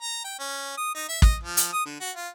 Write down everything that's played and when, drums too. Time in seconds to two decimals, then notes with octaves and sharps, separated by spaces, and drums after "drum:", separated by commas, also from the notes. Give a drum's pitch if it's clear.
0.02 A#5
0.24 G5
0.39 C#4
0.77 D#6
0.94 D#4
1.09 E5
1.22 D#5, drum: kick
1.43 F3
1.57 drum: hi-hat
1.73 D#6
1.86 D3
2.01 F#4
2.16 F4